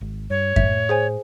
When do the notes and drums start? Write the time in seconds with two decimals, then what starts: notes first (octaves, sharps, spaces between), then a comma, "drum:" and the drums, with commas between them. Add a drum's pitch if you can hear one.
0.01 G#1
0.30 G2 C#5
0.56 A2 E5, drum: kick F#2
0.89 G#4 C5 G#5